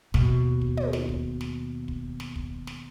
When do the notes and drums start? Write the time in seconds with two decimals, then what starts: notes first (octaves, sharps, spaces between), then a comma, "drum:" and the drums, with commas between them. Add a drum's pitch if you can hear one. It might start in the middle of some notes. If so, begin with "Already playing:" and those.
0.14 D#2 B2, drum: snare
0.61 drum: kick
0.77 drum: tom
0.93 drum: snare
1.09 drum: kick
1.41 drum: snare
1.88 drum: kick
2.20 drum: snare
2.36 drum: kick
2.67 drum: snare